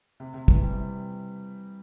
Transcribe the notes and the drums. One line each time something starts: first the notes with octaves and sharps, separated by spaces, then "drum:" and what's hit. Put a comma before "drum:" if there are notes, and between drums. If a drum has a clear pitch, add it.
C3
C3
E3, drum: kick
G3
C3